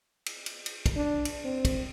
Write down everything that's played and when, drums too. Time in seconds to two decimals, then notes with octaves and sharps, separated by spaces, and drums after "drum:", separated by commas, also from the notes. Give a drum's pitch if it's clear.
0.26 drum: cymbal
0.46 drum: cymbal
0.66 drum: cymbal
0.86 drum: kick, cymbal
0.96 D4
1.25 drum: cymbal
1.45 C4
1.65 drum: kick, cymbal